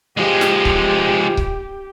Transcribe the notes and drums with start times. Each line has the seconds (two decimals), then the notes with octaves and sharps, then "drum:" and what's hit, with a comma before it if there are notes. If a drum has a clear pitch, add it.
0.17 F3 G#3 G4
0.41 drum: snare
0.65 drum: kick C#1
1.37 drum: kick C#1